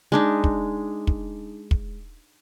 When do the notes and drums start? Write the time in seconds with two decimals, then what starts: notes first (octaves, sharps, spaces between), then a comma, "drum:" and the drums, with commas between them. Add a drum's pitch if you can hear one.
0.12 G#3 D4 D#4
0.44 drum: kick
1.07 drum: kick
1.71 drum: kick